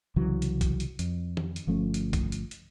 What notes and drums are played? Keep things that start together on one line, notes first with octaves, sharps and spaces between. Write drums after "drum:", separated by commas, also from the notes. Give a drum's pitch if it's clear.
C2 C#3 E3 F#3
drum: hi-hat
drum: kick, hi-hat
drum: hi-hat
F2, drum: hi-hat
drum: tom D#3
drum: hi-hat
G1 F3 A3 C#4
drum: hi-hat
drum: kick, hi-hat
drum: hi-hat
drum: hi-hat